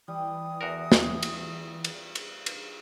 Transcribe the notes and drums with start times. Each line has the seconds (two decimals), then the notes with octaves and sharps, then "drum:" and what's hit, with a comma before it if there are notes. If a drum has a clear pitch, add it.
0.08 E3 G3 D#6
0.61 E2 F#4 A#4
0.92 drum: snare
1.23 drum: cymbal
1.84 drum: cymbal
2.15 drum: cymbal
2.46 drum: cymbal